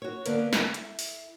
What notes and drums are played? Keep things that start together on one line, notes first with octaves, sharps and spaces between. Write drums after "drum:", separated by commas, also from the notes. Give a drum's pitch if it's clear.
F#4 C#5
D3 A#3 B3 A#4 B4 D5, drum: hi-hat
E4 A4, drum: snare
drum: hi-hat
drum: open hi-hat